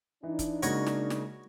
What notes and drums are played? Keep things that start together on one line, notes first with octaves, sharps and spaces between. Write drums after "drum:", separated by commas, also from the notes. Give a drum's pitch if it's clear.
E3 D4 D#4
drum: kick, hi-hat
C#3 G#3 A#3 F#4 C#5 D#5, drum: hi-hat
drum: snare
drum: snare